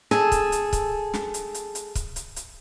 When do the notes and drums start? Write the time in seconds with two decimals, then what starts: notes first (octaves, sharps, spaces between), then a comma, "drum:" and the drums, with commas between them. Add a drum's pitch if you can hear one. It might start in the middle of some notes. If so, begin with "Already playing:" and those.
0.11 G#4 A4, drum: snare
0.32 drum: kick, hi-hat
0.52 drum: hi-hat
0.73 drum: kick, hi-hat
1.14 drum: snare
1.34 drum: hi-hat
1.54 drum: hi-hat
1.75 drum: hi-hat
1.95 drum: kick, hi-hat
2.16 drum: hi-hat
2.36 drum: hi-hat